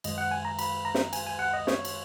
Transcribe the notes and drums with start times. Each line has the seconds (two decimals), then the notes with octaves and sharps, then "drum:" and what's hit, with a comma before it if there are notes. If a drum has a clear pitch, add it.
0.04 F#2 D#3 G#3 D#5, drum: cymbal
0.18 F#5
0.31 G#5
0.45 A#5
0.59 B5, drum: cymbal
0.85 A#5
0.95 drum: snare
1.13 G#5, drum: cymbal
1.27 G#5
1.39 F#5
1.53 D#5
1.67 C#5, drum: snare
1.85 drum: cymbal